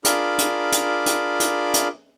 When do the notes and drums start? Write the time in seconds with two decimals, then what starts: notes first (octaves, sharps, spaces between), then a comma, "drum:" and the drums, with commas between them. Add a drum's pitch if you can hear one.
0.05 D4 F4 G#4 A#4 B5 D6, drum: hi-hat
0.38 drum: hi-hat
0.72 drum: hi-hat
1.06 drum: hi-hat
1.40 drum: hi-hat
1.74 drum: hi-hat